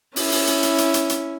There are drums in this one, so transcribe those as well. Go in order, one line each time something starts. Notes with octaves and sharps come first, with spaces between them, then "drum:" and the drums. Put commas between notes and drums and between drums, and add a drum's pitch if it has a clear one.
C#4 E4, drum: open hi-hat
drum: open hi-hat
drum: hi-hat
drum: hi-hat
drum: hi-hat
drum: hi-hat
drum: hi-hat